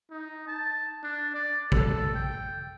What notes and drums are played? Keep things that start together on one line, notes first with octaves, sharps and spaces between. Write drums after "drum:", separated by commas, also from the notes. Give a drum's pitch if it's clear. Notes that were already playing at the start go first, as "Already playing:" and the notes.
D#4
A5
D4
D5
A4, drum: kick
G5